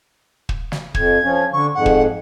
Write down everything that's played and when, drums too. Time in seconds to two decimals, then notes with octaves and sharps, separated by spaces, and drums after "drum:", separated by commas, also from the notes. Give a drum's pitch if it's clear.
0.49 drum: kick
0.72 drum: snare
0.94 F2 G#6, drum: kick
1.23 F3 C#4
1.52 D3 C#6
1.74 F2 G#2 F#5
1.86 drum: kick